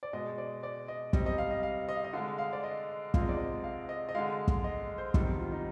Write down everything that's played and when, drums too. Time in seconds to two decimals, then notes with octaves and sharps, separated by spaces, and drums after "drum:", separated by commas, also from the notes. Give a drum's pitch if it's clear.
0.03 D5
0.13 B2 G#3 D#5
0.38 D5
0.63 D5
0.88 D#5
1.13 C3 G3 D#5, drum: kick
1.26 D#5
1.38 F5
1.51 D#5
1.63 F5
1.89 D#5
1.96 F5
2.04 D#5
2.13 D3 G#3 F5
2.38 F5
2.53 D5
2.64 D#5
3.14 C3 F3 G#3 F5, drum: kick
3.21 D#5
3.29 D5
3.37 D#5
3.64 F5
3.89 D#5
4.09 D#5
4.15 D3 G#3 F5
4.48 drum: kick
4.64 D#5
4.98 C5
5.14 C3 D#3 G3, drum: kick
5.40 F4
5.52 D#4